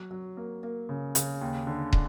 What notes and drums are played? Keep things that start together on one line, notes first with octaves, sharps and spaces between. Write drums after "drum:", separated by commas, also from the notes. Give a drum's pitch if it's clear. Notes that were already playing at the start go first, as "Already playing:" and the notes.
Already playing: F#3
F#3
A#3
A#3
C#3
C#3, drum: hi-hat
D#2
D3
D3, drum: kick